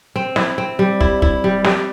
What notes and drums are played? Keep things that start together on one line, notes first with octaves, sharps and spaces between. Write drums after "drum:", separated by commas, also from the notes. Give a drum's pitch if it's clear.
C4
E4, drum: snare
C4
G3
E4, drum: kick
E4, drum: kick
G3
G3, drum: snare